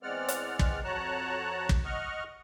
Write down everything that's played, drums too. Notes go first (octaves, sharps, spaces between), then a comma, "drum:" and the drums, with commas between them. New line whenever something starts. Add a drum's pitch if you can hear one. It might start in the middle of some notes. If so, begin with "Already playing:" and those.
E2 G#3 C4 D5 F#5 F6
drum: hi-hat
drum: kick
F2 F#4 C#5 A5 A#5 F#6
drum: kick
D#5 F#5 C#6 F6